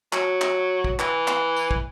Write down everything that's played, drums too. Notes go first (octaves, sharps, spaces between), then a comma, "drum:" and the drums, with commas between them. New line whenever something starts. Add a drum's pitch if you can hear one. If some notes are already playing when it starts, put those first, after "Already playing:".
F#3, drum: clap
drum: clap
drum: kick
E3, drum: clap
drum: clap
drum: tambourine
drum: kick